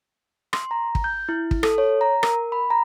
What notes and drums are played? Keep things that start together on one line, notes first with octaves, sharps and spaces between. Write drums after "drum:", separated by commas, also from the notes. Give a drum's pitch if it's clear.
C6, drum: rim click
A#5
drum: kick
G6
E4
drum: kick
A4, drum: rim click
C#5
A#5
A#4, drum: rim click
B5
A#5